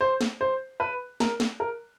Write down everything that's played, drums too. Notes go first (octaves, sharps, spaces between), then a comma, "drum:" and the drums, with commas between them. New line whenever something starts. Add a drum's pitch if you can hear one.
C5
drum: snare
C5
B4
A#4, drum: snare
drum: snare
A#4